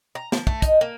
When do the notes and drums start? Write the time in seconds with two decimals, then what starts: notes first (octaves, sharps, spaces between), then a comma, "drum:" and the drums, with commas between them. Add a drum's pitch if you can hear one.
0.15 A#5
0.32 F3, drum: snare
0.47 A3, drum: kick
0.62 D#4, drum: kick, hi-hat
0.81 A#3